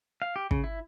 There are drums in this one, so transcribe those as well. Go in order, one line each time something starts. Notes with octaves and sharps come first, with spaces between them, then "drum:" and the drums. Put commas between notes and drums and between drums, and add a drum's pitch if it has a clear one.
F5
G4
C#3, drum: kick
E4